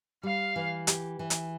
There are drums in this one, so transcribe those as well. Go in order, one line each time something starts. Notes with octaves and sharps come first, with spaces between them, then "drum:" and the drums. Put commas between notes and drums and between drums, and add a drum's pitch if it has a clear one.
G3 F5
E3
G4, drum: hi-hat
E3
drum: hi-hat